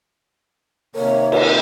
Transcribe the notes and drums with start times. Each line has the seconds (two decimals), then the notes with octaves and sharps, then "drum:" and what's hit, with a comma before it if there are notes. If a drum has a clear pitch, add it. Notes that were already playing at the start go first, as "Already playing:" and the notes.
0.96 C3 D#3 A#3 A#4 C#5
1.32 drum: cymbal